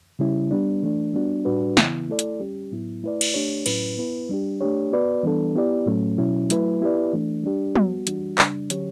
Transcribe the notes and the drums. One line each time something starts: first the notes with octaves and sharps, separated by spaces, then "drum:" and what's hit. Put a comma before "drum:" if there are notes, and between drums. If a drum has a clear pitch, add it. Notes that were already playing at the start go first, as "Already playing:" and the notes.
C#3 G3 C#4 E4
G3 B3 D4
E3 A3 D4
G3 B3 D4 F#4
A2 G3 D4 F#4 B4
C#3 E3 B3 E4, drum: snare
A3 E4 A4 D5
drum: hi-hat
G3 C#4 G4
A2 F#3 B3 E4
A3 E4 B4 D5
drum: cymbal
A3 D4 G4 C#5
A2 F#3 C#4 E4 B4, drum: cymbal
B3 E4 B4
G3 D4 G4
A3 D4 G4 C#5
B3 F#4 B4 D5
E3 G3 B3 D4 A4
B3 E4 G4 D5
A2 F#3 A3 C#4
B2 F#3 C#4 E4
F#3 A3 E4 B4, drum: hi-hat
B3 E4 G4 B4 D5
E3 A3 D4
G3 D4 G4
G3 B3 F#4, drum: tom
E3 G3 D4 F#4, drum: hi-hat
C#3 G3 D4, drum: clap
D3 F#3 C#4 G4 C#5, drum: hi-hat